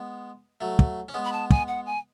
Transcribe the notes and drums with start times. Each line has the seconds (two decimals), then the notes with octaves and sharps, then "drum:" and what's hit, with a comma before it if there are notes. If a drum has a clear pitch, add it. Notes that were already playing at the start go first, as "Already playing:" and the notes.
Already playing: G#3 B3
0.61 F#3 A3
0.79 drum: kick
1.09 C#4
1.14 G#3 B3
1.25 B5
1.33 A5
1.50 G#5, drum: kick
1.68 F#5
1.86 G#5